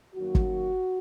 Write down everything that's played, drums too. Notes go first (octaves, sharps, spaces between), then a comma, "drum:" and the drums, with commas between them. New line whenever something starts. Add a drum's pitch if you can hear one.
F#2 D#3 F#3 A#3 F#4
drum: kick